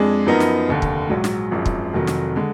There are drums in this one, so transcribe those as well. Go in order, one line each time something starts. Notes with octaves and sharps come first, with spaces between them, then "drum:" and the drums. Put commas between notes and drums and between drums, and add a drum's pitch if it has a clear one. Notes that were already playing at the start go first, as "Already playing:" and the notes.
Already playing: F2 G#3 D4 G#4
F#2 F3 B3 D#4 A#4
drum: snare
F1 D#2 D3
drum: kick
A#1 G#2 F#3
drum: snare
G#1 F#2 F3 G#3
drum: kick
F1 F2 D#3 F#3
drum: snare
D3 G#3